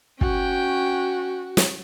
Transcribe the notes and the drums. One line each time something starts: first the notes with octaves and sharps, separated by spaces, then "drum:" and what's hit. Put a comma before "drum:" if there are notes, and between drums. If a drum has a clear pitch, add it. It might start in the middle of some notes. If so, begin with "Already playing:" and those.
C#4 F#4 G5, drum: kick
drum: snare